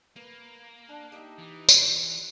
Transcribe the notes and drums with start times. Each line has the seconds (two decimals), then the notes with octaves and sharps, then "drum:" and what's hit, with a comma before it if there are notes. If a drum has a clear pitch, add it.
0.16 A#3 B4
0.89 D4 A5
1.12 D#4 G4 E5
1.39 E3
1.69 drum: tambourine